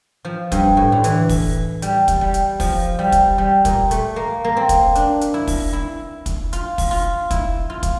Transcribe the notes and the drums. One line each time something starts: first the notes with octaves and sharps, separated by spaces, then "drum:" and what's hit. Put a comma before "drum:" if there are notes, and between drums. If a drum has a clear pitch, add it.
F3
G2, drum: kick, hi-hat
A2
D3
E3, drum: hi-hat
drum: kick, open hi-hat
G3, drum: hi-hat
drum: kick, hi-hat
G3
drum: hi-hat
F3, drum: kick, open hi-hat
G3
drum: kick, hi-hat
G3
A#2, drum: kick, hi-hat
A3, drum: hi-hat
A#3
A#3
C4
drum: kick, hi-hat
D4, drum: hi-hat
drum: hi-hat
E4
drum: kick, open hi-hat
E4
drum: kick, hi-hat
F4, drum: hi-hat
drum: kick, open hi-hat
F4
E4, drum: kick, hi-hat
F4
drum: kick, hi-hat